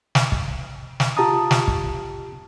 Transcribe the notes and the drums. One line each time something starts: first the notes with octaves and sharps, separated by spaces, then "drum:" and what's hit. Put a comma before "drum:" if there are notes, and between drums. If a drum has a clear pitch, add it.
drum: snare
drum: kick
drum: snare
F4 G4 A5 A#5 D#6
drum: snare
drum: kick